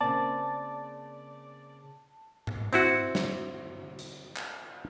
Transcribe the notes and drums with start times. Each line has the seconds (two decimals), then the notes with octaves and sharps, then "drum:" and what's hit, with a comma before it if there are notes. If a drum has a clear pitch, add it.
0.01 C#3 A#3 C4 D5 A5
2.47 drum: tom G#2
2.73 C4 E4 F#4, drum: hi-hat
3.15 drum: snare
3.99 drum: hi-hat
4.37 drum: clap